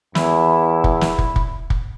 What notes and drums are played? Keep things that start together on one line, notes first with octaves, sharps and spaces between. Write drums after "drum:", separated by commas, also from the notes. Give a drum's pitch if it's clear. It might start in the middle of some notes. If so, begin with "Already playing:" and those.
E2 E4, drum: snare
drum: kick
drum: snare
drum: kick
drum: kick
drum: kick